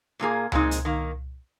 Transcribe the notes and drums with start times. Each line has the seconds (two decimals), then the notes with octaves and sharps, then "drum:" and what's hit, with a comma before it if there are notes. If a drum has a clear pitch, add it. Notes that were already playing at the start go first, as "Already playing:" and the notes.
0.20 A#2 F3 A#3 F4 G#4
0.52 A#2 G#3 C4 D#4, drum: tom C#2
0.71 drum: hi-hat
0.85 D#3 A#3